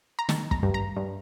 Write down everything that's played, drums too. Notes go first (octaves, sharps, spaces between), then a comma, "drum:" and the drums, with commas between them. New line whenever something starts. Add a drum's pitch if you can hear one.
A#5
D#3 A5, drum: snare
A#5, drum: kick
G2
A#5
G2